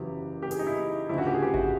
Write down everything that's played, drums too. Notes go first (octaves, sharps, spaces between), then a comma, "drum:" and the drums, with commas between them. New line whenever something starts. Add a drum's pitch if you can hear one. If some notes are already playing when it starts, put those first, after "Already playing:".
Already playing: F#1 E2 C#3 F#3 G4
G4
G#4, drum: hi-hat
D#4
E4
D2 C#3 F3 E4
F#4
G4
G#4
G4
F#4, drum: kick G#1